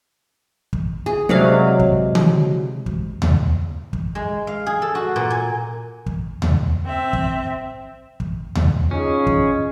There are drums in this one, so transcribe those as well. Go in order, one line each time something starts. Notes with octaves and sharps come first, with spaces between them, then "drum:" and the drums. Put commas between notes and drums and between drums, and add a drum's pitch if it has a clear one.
drum: kick
G#4
C3 F#3 G#3 D5 F5
drum: kick
drum: tom D3
drum: kick
drum: tom D#2
drum: kick
G#3
F5
G#4
A4
F#4
A#2
G#5
drum: kick
drum: tom D#2
C4 E5
drum: kick
drum: kick
drum: tom D#2
C#4 D#4 F4 G#4
drum: kick